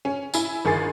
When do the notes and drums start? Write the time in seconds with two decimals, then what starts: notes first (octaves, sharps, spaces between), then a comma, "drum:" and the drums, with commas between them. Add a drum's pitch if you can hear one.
0.05 C#4
0.34 E4 G#5, drum: tambourine
0.65 G1 D#3 G#4 G#5 A6 C7